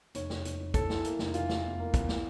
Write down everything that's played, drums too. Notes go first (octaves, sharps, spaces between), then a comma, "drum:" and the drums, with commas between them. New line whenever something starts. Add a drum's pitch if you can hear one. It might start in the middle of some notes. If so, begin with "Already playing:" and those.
F1 C#5, drum: hi-hat
F1, drum: snare
F1, drum: hi-hat
F1
E2 A4, drum: kick, hi-hat
E3, drum: snare
A#3, drum: hi-hat
F1, drum: snare
E3 F4, drum: hi-hat
F1, drum: snare
E2
A#3
E2, drum: kick, hi-hat
drum: snare